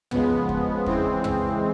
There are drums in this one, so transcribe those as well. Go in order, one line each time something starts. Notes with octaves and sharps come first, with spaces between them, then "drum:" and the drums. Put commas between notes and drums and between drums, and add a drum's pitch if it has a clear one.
C#3 F3 G#3 B3, drum: tom
drum: kick
C#3 E3 G#3 C4, drum: kick
drum: tom